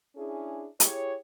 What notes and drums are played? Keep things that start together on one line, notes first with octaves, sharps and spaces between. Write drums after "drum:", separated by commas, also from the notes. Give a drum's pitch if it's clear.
C#4 D4 E4 G#4
E4 G4 G#4 C#5, drum: hi-hat